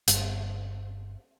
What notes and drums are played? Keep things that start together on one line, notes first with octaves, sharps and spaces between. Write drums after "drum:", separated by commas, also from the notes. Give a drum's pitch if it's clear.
G1, drum: hi-hat